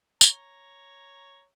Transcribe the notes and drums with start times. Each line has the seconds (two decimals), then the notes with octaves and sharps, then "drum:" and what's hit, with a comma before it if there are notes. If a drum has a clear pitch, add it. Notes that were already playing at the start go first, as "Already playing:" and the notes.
0.21 C#5 A#5, drum: tambourine